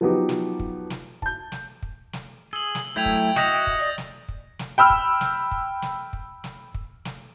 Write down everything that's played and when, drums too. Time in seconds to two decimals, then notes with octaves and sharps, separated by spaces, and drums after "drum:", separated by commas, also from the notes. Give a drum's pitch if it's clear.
0.01 F3 F#3 B3 D#4 F#4 G4
0.29 drum: snare
0.60 drum: kick
0.90 drum: snare
1.22 A5 G6, drum: kick
1.52 drum: snare
1.83 drum: kick
2.13 drum: snare
2.53 G#4 E6 F#7
2.75 drum: snare
2.96 F#3 A3 E4 G5 G6 G#6 F7
3.06 drum: kick
3.36 F#4 D#5 E5 F#5 G6 A#6 F7, drum: snare
3.67 drum: kick
3.79 D5
3.98 drum: snare
4.28 drum: kick
4.59 drum: snare
4.78 G5 B5 E6 F6
4.90 drum: kick
5.21 drum: snare
5.51 drum: kick
5.82 drum: snare
6.13 drum: kick
6.44 drum: snare
6.74 drum: kick
7.05 drum: snare